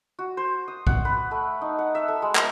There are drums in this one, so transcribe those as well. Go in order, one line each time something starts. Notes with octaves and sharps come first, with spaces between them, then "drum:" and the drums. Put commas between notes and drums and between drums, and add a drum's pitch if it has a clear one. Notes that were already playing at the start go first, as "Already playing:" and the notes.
F#4
C5
D#6
F#5, drum: kick B1
B4
A3
D#4
F#5
E5
A4
G#3
A#4, drum: clap